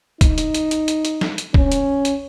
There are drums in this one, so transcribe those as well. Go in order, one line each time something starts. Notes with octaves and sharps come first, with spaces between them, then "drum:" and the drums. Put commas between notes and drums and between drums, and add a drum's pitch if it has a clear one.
D#4, drum: kick, hi-hat
drum: hi-hat
drum: hi-hat
drum: hi-hat
drum: hi-hat
drum: hi-hat
drum: snare
drum: hi-hat
C#4, drum: kick
drum: hi-hat
drum: hi-hat